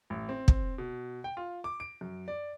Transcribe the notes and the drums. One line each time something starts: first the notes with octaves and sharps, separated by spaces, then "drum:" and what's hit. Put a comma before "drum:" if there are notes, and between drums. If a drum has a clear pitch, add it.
A1
C4
drum: kick
B2
G5
F4
D6
D7
F#2
D5